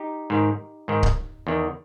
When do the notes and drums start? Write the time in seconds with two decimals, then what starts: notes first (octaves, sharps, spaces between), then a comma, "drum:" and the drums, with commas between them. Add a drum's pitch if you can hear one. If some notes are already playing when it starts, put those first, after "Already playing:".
Already playing: D#4 G4
0.30 G#2 D#3
0.88 G#2 D#3
1.03 drum: kick C#1
1.47 E2 D#3